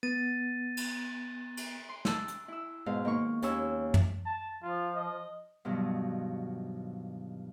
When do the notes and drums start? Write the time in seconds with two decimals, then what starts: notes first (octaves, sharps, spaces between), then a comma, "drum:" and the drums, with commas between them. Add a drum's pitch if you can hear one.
0.03 B3 A6 D#7
0.77 drum: cymbal
1.57 drum: cymbal
1.89 C6
2.05 A5 E6 F#6, drum: snare
2.28 drum: hi-hat
2.48 E4 E6
2.86 G#2 B2 F5
3.05 D#3 A#3 C#6
3.42 D#2 C#4 G#5 C#6 E6, drum: hi-hat
3.94 drum: tom
4.25 A5
4.63 F3 F4
4.96 D#5
5.65 G2 B2 D#3 F3 F#3